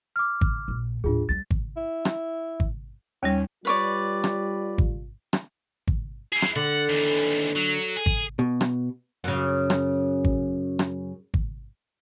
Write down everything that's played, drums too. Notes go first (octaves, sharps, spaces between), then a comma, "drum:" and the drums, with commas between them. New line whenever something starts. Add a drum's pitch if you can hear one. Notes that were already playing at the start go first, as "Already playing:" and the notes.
D6 F6
drum: kick G#1
A#1 A#2
D#2 A2 D4 F4 G#4
D2 G3 A6
drum: kick G#1
E4
drum: rim click
drum: kick G#1
D#2 G3 C#4
G3 F4 B4 C#5 D5
drum: rim click
drum: kick G#1
drum: rim click
drum: kick G#1
E4 G#4
drum: rim click
D3 F#5
D#2 E3
F#3
G#4
drum: kick G#1
B2
drum: rim click
F#2 C#3
drum: rim click
drum: kick G#1
drum: rim click
drum: kick G#1